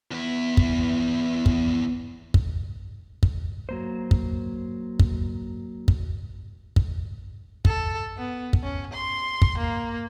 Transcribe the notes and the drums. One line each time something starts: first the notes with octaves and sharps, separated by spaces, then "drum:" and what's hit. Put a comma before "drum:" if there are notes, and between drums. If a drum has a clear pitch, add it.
E2 B3 E4
drum: kick
drum: kick
drum: kick
drum: kick
F#3 A#3 C5
drum: kick
drum: kick
drum: kick
drum: kick
A4, drum: kick
B3
drum: kick
C#4
C6
drum: kick
A#3